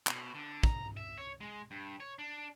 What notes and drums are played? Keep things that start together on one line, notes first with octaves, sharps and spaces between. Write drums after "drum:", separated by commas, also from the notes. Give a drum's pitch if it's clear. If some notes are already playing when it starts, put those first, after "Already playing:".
B2, drum: clap
D3
A#5, drum: kick
E5
C#5
G#3
G2
C#5
D4